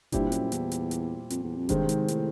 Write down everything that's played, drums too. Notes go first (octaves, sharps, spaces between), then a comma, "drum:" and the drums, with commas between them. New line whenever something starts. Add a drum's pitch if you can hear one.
G2 A#2 G3 C4 E4 G4, drum: kick F#1, hi-hat
F#2, drum: hi-hat
E2, drum: hi-hat
drum: hi-hat
drum: hi-hat
F2, drum: hi-hat
E2
F2
G2 C3 D#3 G#3 C4, drum: kick F#1, hi-hat
G#2, drum: hi-hat
A2, drum: hi-hat